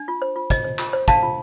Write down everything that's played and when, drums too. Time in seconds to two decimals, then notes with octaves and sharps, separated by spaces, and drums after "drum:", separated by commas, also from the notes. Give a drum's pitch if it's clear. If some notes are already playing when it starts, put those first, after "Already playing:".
Already playing: D4
0.08 F4
0.22 C5
0.36 F4
0.50 C5 D#5, drum: kick, hi-hat
0.64 C5
0.79 F4, drum: clap
0.93 C5
1.08 D4 F5 A5, drum: kick, hi-hat
1.23 F4